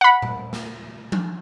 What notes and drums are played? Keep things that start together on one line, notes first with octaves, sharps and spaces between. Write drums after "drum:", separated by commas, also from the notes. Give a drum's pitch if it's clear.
F#5 B5
drum: tom A#2
drum: snare
drum: tom F3